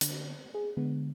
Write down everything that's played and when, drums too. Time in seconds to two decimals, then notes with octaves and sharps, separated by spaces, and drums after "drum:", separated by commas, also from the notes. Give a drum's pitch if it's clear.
0.01 D3, drum: hi-hat
0.54 G#4
0.77 D3 G#3 B3